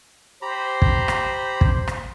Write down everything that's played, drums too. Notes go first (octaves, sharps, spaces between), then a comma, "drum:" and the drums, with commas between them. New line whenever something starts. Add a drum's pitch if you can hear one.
G4 C5 A#5 B5
drum: kick
drum: rim click
drum: kick
drum: rim click